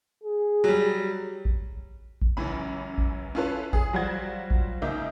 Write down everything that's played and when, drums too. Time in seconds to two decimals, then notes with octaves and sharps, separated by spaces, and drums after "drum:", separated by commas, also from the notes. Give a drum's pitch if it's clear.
0.23 G#4
0.64 F#3 G3
1.45 drum: kick A1
2.22 drum: kick A1
2.37 C#2 F#2 E3 C#4 B5
2.98 drum: kick A1
3.35 C#4 E4 F4 A4 B4 C#5
3.73 G#4, drum: kick A1
3.93 F#3 G3 F4 C5 F#5 G#6
4.51 drum: kick A1
4.82 C#2 A#3 D#4 E5 D6 G6